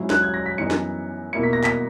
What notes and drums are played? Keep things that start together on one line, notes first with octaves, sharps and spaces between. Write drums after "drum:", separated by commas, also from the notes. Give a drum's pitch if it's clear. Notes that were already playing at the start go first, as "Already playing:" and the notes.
Already playing: G#2 F#3 C#4 E4
F#6, drum: snare
G#6
A#6
B6
F#2 E3 B3 D#4 C#7
drum: snare
B2 A#3 E4 C#7
B6
A#6
B6, drum: clap